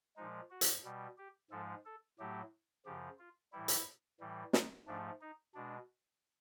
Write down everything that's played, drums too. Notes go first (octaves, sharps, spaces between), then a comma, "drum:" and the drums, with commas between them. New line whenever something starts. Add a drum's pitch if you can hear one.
A#2 F3 G#3 D#4
F#4
drum: hi-hat
B2 G3
G4
G#2 F3 G#3 A4
A4
A2 F#3 A3 G4
F#2 C#3 F3 G4
F4
A2 E3 G3 E4
drum: hi-hat
A2 E3 G3
D#4, drum: snare
G#2 F3 A3 D4
D#4
B2 G#3 D4